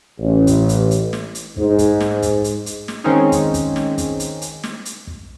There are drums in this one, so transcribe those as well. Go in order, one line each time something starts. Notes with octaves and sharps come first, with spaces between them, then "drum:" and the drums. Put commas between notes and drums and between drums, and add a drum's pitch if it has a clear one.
A1
drum: kick, hi-hat
drum: hi-hat
drum: hi-hat
drum: snare
drum: hi-hat
G#2, drum: kick
drum: kick, hi-hat
drum: snare
drum: kick, hi-hat
drum: hi-hat
drum: hi-hat
drum: snare
D#3 G#3 C4 C#4 D#4
drum: kick, hi-hat
drum: kick, hi-hat
drum: snare
drum: kick, hi-hat
drum: hi-hat
drum: hi-hat
drum: snare
drum: hi-hat
drum: kick